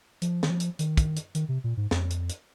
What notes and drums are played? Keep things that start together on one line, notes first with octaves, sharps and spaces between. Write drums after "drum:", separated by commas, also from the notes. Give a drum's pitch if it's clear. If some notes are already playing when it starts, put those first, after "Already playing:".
F3, drum: hi-hat
D#3, drum: snare
F3
drum: hi-hat
D#3, drum: hi-hat
drum: kick, hi-hat
drum: hi-hat
D#3, drum: hi-hat
C3
A#2
G#2
F2, drum: snare
drum: hi-hat
drum: hi-hat